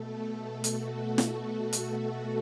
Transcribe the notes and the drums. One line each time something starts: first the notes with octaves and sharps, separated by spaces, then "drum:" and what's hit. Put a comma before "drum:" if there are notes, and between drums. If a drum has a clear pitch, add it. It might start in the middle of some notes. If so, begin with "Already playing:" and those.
Already playing: B2 A3 A4
F#4, drum: hi-hat
drum: snare
drum: hi-hat